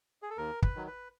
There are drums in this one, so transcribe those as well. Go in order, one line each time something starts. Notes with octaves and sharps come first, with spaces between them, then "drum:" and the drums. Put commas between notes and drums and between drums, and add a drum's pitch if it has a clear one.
G#4
A4
D#2 A#4
B4, drum: kick
D#3 F#3
B4